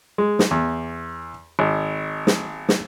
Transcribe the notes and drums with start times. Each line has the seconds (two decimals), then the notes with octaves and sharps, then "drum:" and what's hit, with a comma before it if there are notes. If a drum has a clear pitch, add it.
0.18 G#3
0.39 drum: snare
0.51 E2
1.59 G#1
2.27 drum: snare
2.69 drum: snare